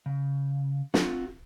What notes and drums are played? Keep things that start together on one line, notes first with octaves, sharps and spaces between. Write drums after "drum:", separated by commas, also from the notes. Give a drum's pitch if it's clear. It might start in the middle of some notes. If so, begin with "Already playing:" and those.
C#3
C4 F4 F#4, drum: snare